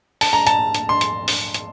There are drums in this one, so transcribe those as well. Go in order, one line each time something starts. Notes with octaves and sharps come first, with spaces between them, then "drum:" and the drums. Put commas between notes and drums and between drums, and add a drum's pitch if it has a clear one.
A5, drum: open hi-hat
A#5
A5, drum: hi-hat
drum: hi-hat
C6
drum: hi-hat
drum: open hi-hat
drum: hi-hat